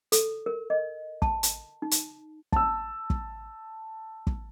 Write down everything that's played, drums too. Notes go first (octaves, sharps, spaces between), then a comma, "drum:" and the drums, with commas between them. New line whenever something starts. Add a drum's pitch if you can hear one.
A4, drum: hi-hat
A#4
D#5
A5, drum: kick
drum: hi-hat
D#4
drum: hi-hat
A5 E6, drum: kick
drum: kick
drum: kick